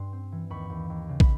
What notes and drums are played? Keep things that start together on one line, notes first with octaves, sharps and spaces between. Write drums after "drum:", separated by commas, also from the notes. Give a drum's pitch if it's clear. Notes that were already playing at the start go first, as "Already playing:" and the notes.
Already playing: G2 C6
C4
E3
D#2 B5 C#6
D#2
D#2
C#3
B5, drum: kick